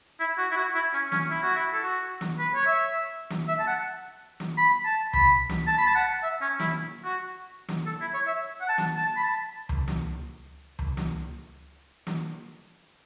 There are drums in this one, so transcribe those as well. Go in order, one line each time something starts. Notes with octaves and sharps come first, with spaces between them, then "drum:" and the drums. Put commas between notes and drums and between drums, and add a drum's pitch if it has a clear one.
E4
F#4
E4
F#4
E4
C#4
C#4, drum: snare
E4
F#4
E4
A4
F#4
drum: snare
B4
C#5
E5
drum: snare
E5
A5
F#5
drum: snare
B5
A5
B5, drum: tom C#2
drum: snare
A5
B5
A5
F#5
E5
C#4
E4, drum: snare
F#4
drum: snare
A4
E4
C#5
E5
F#5
A5
drum: snare
A5
B5
A5
drum: tom C#2
drum: snare
drum: tom C#2
drum: snare
drum: snare